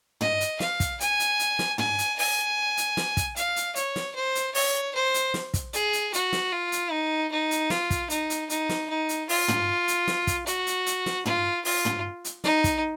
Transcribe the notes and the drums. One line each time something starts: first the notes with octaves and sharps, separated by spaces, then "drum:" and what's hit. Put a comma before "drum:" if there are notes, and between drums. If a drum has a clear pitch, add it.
D#5, drum: tom
drum: hi-hat
F5, drum: snare
drum: kick, hi-hat
G#5, drum: hi-hat
drum: hi-hat
drum: hi-hat
drum: snare
G#5, drum: tom
drum: hi-hat
G#5, drum: open hi-hat
drum: hi-hat
drum: snare
drum: kick, hi-hat
F5, drum: hi-hat
drum: hi-hat
C#5, drum: hi-hat
drum: snare
C5
drum: hi-hat
C#5, drum: open hi-hat
C5
drum: hi-hat
drum: snare
drum: kick, hi-hat
G#4, drum: hi-hat
drum: hi-hat
F#4, drum: hi-hat
drum: snare
F4
drum: hi-hat
D#4
D#4
drum: hi-hat
F4, drum: snare
drum: kick, hi-hat
D#4, drum: hi-hat
drum: hi-hat
D#4, drum: hi-hat
drum: snare
D#4
drum: hi-hat
F4, drum: open hi-hat
drum: tom
drum: hi-hat
drum: snare
drum: kick, hi-hat
F#4, drum: hi-hat
drum: hi-hat
drum: hi-hat
drum: snare
F4, drum: tom
F4, drum: open hi-hat
drum: tom
drum: hi-hat
D#4, drum: snare
drum: kick, hi-hat